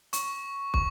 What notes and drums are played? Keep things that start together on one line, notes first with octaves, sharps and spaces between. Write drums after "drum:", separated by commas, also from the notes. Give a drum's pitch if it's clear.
C#6, drum: hi-hat
C#6, drum: kick